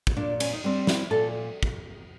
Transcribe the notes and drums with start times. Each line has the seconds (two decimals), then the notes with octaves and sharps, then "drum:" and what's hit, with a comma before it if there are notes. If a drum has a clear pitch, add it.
0.07 drum: kick
0.17 A#2 D4
0.40 C#4, drum: cymbal
0.53 D#4
0.64 G3 C4 D4
0.87 E4, drum: snare
1.11 A#2 A4
1.63 drum: kick